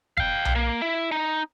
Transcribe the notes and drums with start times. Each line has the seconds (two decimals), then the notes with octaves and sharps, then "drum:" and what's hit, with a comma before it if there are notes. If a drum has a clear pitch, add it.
0.17 F5 G5, drum: kick
0.45 drum: tom B1
0.55 A#3
0.82 E4
1.12 D#4